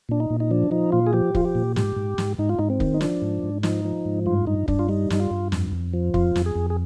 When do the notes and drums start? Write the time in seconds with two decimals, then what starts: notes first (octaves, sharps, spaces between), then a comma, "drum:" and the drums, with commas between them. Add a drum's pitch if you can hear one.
0.09 A#2 D4
0.20 D#4
0.30 A#2
0.40 D#4
0.51 F3 D4
0.71 F3 D#4
0.92 A#2 F4
1.07 G#4
1.13 F3 G4
1.35 F3 F4, drum: kick
1.45 G4
1.55 A#2
1.76 G#2 G4, drum: snare
1.96 G#2
2.18 G#2, drum: snare
2.39 G#2 D#4
2.49 F4
2.59 G#2 D#4
2.70 C4
2.80 D#3, drum: kick
2.94 D#4
3.01 F3 D4, drum: snare
3.22 G#2
3.43 G#2
3.63 F3 D#4, drum: snare
3.85 F3
4.05 G#2
4.26 G2 F4
4.47 G2 D#4
4.68 G2 D4, drum: kick
4.79 F4
4.89 G3 D#4
5.10 G2 D#4, drum: snare
5.20 F4
5.31 G2
5.52 F2, drum: snare
5.72 F2
5.94 F3
6.14 F2 F4, drum: kick
6.36 F2, drum: snare
6.46 G#4
6.55 F2
6.70 G#4